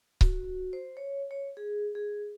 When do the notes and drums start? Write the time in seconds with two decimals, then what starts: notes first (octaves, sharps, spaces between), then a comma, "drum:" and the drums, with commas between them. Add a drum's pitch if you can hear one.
0.21 F#4, drum: kick C#1
0.73 C5
0.97 C#5
1.31 C#5
1.57 G#4
1.95 G#4